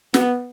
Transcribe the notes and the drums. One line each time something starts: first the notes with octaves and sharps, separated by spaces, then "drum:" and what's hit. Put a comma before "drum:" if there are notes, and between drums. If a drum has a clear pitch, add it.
B3, drum: snare